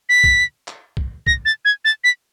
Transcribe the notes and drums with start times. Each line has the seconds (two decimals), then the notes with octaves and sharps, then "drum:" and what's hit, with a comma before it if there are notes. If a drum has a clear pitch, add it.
0.09 B6
0.24 drum: kick
0.68 drum: clap
0.97 drum: kick
1.27 A#6, drum: kick
1.45 A6
1.65 G#6
1.85 A6
2.04 B6